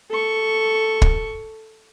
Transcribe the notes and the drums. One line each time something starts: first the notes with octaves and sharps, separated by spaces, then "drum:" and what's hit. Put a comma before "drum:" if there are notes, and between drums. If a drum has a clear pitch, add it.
A4 C#6
drum: kick